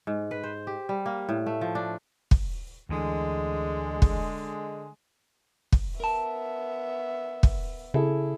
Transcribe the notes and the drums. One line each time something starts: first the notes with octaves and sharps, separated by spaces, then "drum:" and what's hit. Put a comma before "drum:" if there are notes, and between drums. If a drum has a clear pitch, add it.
G#2
B4
C5
G4
G3
A#3
A2
A3
F3
D4
drum: kick
D2 D3 E3 G#3
drum: kick
drum: kick
B3 A#4 E5 A5
drum: kick
C#3 E4 G#4 A4